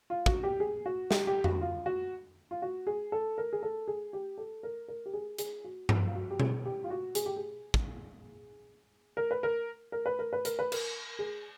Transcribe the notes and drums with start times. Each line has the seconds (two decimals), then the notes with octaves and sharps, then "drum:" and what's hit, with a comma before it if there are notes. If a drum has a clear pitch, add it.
0.10 F4
0.26 F#4, drum: kick
0.43 G4
0.60 G#4
0.86 F#4
1.11 G4, drum: snare
1.27 G4
1.44 F#4, drum: tom F2
1.61 F4
1.86 F#4
2.51 F4
2.62 F#4
2.87 G#4
3.12 A4
3.38 A#4
3.53 G#4
3.63 A4
3.88 G#4
4.13 G4
4.38 A4
4.63 A#4
4.88 A#4
5.06 G4
5.14 G#4
5.38 G#4, drum: hi-hat
5.64 F#4
5.89 drum: tom G2
6.07 F4
6.15 F#4
6.30 G4
6.40 G#4, drum: tom B2
6.65 G4
6.84 F4
6.90 F#4
7.15 G#4, drum: hi-hat
7.26 G4
7.37 G#4
7.74 drum: kick
9.17 A#4
9.31 B4
9.43 A#4
9.92 A#4
10.06 B4
10.19 A#4
10.33 B4
10.45 A#4, drum: hi-hat
10.59 B4
10.72 A#4, drum: cymbal
11.19 G#4